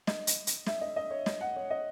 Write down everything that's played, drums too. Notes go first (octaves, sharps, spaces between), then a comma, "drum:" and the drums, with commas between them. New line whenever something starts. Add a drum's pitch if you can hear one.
D#5, drum: snare
drum: hi-hat
drum: hi-hat
E5, drum: snare
D#5
D#5
C#5
D#5, drum: snare
F#5
C#5
D#5